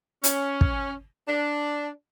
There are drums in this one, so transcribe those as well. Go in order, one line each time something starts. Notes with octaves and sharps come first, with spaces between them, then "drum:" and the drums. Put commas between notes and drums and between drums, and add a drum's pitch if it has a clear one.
C#4, drum: hi-hat
drum: kick
D4